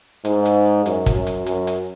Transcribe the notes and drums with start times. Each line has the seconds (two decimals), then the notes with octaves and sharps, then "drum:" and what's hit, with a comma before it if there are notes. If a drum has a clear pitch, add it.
0.25 G#2, drum: hi-hat
0.45 drum: hi-hat
0.86 F#2, drum: hi-hat
1.06 drum: kick, hi-hat
1.16 F#2
1.27 drum: hi-hat
1.46 F#2, drum: hi-hat
1.67 drum: hi-hat